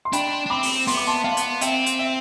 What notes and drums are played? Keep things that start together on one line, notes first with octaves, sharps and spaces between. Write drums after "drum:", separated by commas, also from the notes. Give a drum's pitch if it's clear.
C6
D4 G5 B5, drum: hi-hat
D4
C4 B5 D6
drum: open hi-hat
B3 C6, drum: open hi-hat
D6
A5 C6
B3 F5 A5
drum: hi-hat
C4 E5 G5, drum: hi-hat
drum: hi-hat
E5